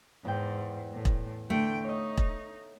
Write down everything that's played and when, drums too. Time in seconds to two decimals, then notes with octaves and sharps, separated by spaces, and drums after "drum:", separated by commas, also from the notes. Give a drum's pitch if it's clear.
0.25 E2 G#2 G5
0.92 A2
1.05 drum: kick E1
1.50 D3 A3 G5
1.84 D#4 C#5 D#5
2.17 drum: kick E1